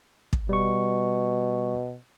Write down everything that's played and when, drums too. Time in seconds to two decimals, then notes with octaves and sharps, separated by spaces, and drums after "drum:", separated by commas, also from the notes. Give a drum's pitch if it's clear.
0.33 drum: kick
0.49 B2 G3 C#6